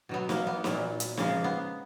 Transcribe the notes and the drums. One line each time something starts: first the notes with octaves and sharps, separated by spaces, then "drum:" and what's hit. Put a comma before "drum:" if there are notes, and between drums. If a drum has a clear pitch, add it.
B2 F#3 B3
A#3, drum: snare
B3
A#2 F#3, drum: snare
drum: hi-hat
C#3 F3 G#3 A#3, drum: snare
B3